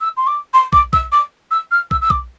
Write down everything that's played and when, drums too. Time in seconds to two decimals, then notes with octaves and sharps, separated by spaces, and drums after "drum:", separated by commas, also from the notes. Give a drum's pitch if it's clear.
0.01 E6
0.17 C6
0.27 D6
0.54 C6
0.73 D6, drum: kick
0.93 E6, drum: kick
1.12 D6
1.51 E6
1.71 F6
1.91 E6, drum: kick
2.02 E6
2.10 D6, drum: kick